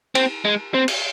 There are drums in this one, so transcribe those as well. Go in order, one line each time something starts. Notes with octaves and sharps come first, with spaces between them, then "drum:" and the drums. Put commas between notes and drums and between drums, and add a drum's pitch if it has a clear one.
C4, drum: cymbal
G#3
C4
drum: cymbal